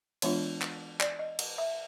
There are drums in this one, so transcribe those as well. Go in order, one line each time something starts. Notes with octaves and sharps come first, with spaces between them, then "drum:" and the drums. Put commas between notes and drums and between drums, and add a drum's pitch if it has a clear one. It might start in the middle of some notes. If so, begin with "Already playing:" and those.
E3 G#3 B3 D4 F4 C#5, drum: cymbal
drum: clap
D5, drum: clap
D#5
drum: cymbal
E5